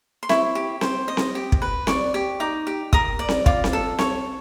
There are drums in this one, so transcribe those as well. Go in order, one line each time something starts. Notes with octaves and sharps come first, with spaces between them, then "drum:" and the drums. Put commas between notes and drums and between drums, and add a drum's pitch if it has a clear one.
C6
E4 C#6, drum: snare C4
G4
C5, drum: snare C4
D#5
drum: snare C4
G4
drum: kick
B4
D5 C#6, drum: snare C4
G4
D#4 D6
G4
A#4 D#6, drum: kick
D5
drum: snare C4
F4 D6, drum: kick
drum: snare C4
A4
C#5 C#6, drum: snare C4